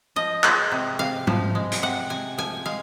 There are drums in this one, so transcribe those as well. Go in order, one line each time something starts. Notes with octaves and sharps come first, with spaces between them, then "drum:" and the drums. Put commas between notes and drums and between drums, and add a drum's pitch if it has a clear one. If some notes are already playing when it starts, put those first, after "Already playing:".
F3 D#5
G#3, drum: clap
C3
C3 F5
F3, drum: tom G#2
G#3
drum: hi-hat
C3 F#5
C3 G#5
F3 G#5
G#3 F5